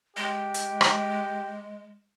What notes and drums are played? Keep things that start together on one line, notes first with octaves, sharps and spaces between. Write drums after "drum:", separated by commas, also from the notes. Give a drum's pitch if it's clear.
G#3 G4
drum: hi-hat
drum: rim click